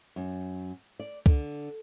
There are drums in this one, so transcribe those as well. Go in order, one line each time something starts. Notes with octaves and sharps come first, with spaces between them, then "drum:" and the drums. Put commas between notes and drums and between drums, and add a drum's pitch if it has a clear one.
F#2
D5
D3, drum: kick